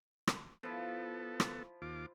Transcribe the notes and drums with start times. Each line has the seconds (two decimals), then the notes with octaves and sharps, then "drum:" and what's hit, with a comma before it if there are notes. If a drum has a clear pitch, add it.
0.27 drum: rim click
0.63 F3 B3 E4 A4
1.40 drum: rim click
1.82 D#2 F4 D6